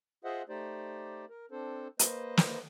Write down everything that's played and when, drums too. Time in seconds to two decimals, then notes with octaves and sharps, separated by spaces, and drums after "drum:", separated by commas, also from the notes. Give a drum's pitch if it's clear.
0.24 F4 G#4 C5 D#5 E5 F#5
0.49 A3 D#4 G4 C5 D5
1.29 A#4
1.51 C4 D4 A4 C5
1.99 A#3 B4 C5 D#5, drum: hi-hat
2.37 drum: snare